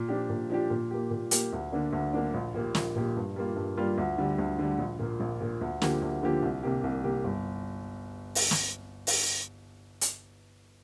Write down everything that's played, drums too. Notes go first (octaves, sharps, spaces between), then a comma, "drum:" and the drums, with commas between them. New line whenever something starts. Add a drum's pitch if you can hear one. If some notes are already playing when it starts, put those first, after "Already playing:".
Already playing: A#2
F3 D4 G4
A#2
F3 D4 G4
A#2
A#3 G4
A#2
A#3 G4, drum: hi-hat
D2
D3 A#3 D4
D2
D3 A#3 D4
A#1
A#2 A#3 G4
A#1, drum: snare
A#2 A#3 G4
G2
G3 A#3 F4
G2
G3 A#3 F4
D2
D3 G3
D2
D3 G3
A#1
A#2 A#3
A#1
A#2 A#3
D2
D3 F3 A#3 G4, drum: snare
D2
D3 F3 A#3 G4
C2
C3 A#3 G4
C2
C3 A#3 G4
G1
drum: open hi-hat
drum: snare
drum: open hi-hat
drum: hi-hat